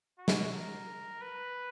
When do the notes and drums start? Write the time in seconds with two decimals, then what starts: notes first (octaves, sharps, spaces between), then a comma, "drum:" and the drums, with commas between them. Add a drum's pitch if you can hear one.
0.18 F#4
0.28 drum: snare
0.52 A#4
1.21 B4